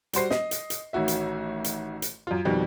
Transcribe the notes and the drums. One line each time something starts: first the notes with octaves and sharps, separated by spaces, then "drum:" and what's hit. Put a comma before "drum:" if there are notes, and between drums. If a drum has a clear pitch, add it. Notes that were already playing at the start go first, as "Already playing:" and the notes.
G3 F#4 C5 C7, drum: hi-hat
D#5, drum: snare
drum: hi-hat
drum: hi-hat
A1 D#3 F#4 E5
drum: hi-hat
drum: hi-hat
drum: hi-hat
F#2 F4
F2 B2 D#3 G3